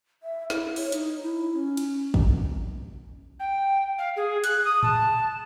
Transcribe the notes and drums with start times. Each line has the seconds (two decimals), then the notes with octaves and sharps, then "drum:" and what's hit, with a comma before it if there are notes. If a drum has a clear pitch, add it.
0.23 E5
0.50 E4, drum: snare
0.76 C#5, drum: open hi-hat
0.92 D#4, drum: hi-hat
1.22 E4
1.53 C#4
1.77 drum: cymbal
2.14 drum: kick
3.40 G5
3.98 F5
4.16 G#4
4.44 F#6, drum: hi-hat
4.64 D#6
4.83 A5, drum: tom A2